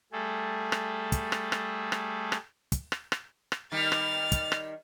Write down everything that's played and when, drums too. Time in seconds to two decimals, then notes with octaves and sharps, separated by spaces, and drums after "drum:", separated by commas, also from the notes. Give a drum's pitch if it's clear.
0.12 G3 A3 G#4 A4
0.72 drum: rim click
1.12 drum: kick, hi-hat
1.32 drum: rim click
1.52 drum: rim click
1.92 drum: rim click
2.32 drum: rim click
2.72 drum: kick, hi-hat
2.92 drum: rim click
3.12 drum: rim click
3.52 drum: rim click
3.72 D#3 G3 F6 A6
3.92 drum: rim click
4.32 drum: kick, hi-hat
4.52 drum: rim click